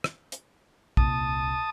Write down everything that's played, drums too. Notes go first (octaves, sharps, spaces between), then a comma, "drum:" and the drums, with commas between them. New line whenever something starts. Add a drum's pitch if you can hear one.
drum: rim click
drum: hi-hat
D#1 C2 A5 D#6, drum: kick